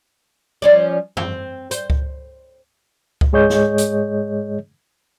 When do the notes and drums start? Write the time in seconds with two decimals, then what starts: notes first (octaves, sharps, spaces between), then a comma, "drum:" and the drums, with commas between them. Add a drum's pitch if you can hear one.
0.62 F3 C#4 D5
1.17 C4, drum: tom F#2
1.71 C5, drum: hi-hat
1.90 drum: kick C#2
3.21 drum: kick C#2
3.32 G#2 G#3 G#4 C#5 D#5 G6
3.50 drum: snare
3.78 drum: hi-hat